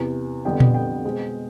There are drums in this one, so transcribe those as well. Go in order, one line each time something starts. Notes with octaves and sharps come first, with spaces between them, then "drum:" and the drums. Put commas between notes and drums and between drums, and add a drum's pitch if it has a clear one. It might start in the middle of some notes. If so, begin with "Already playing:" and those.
Already playing: E2 C3 E3
F2 D3 G3 B3 D4 G5
drum: tom A#2
G5
B2 G#3 C4